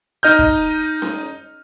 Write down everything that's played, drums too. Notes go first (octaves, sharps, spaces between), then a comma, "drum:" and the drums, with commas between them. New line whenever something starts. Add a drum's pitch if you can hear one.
D#4 D#5 F6 G6
drum: kick
drum: snare C#4